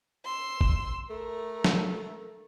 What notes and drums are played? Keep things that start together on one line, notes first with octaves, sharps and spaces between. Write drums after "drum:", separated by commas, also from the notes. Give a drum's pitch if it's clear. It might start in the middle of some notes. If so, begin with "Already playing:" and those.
C6 E6
drum: kick
A3 A#4
drum: snare